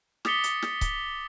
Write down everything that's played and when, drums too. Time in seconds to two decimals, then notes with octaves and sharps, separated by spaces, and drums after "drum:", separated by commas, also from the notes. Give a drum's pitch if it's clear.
0.25 D6 D#6 A6 B6 C#7 G7, drum: snare
0.44 drum: hi-hat
0.62 drum: snare
0.81 drum: kick C#1, hi-hat